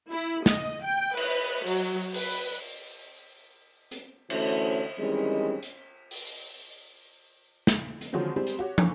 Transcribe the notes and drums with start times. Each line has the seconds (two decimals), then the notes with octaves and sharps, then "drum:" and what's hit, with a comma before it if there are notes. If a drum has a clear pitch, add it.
0.11 E4
0.46 D#5, drum: snare
0.84 G5
1.17 B4, drum: cymbal
1.67 F#3, drum: open hi-hat
2.14 B4, drum: open hi-hat
3.92 drum: hi-hat
4.30 D3 E3 A3 C#4 F#4 C5, drum: cymbal
4.99 D#3 E3 G3 G#3 C4 C#4
5.63 drum: hi-hat
6.11 drum: open hi-hat
7.67 drum: snare
8.01 drum: hi-hat
8.13 D3 D#3 F3 F#3 G#3 C4
8.36 G3 G#3 C4
8.47 drum: hi-hat
8.59 F#4 G4 C#5
8.78 F#1 E3 C#6, drum: tom